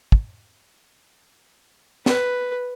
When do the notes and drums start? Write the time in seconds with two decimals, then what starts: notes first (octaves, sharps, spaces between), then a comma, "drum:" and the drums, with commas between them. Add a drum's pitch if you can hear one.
0.12 drum: kick
2.06 B4, drum: snare